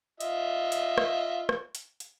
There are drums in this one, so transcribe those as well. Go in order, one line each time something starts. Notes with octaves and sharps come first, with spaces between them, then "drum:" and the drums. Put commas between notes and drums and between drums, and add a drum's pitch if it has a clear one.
F4 D#5 E5, drum: hi-hat
drum: hi-hat
drum: rim click
drum: rim click
drum: hi-hat
drum: hi-hat